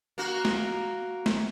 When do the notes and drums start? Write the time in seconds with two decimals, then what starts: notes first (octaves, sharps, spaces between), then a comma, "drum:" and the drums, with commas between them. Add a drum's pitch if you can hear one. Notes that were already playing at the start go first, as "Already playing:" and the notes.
0.18 A#3 F#4
0.45 drum: snare
1.26 drum: snare